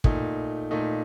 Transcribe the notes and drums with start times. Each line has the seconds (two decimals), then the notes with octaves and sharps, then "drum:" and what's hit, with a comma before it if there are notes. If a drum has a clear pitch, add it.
0.04 A#2 A3 D#4, drum: kick
0.71 A#2 A3 D#4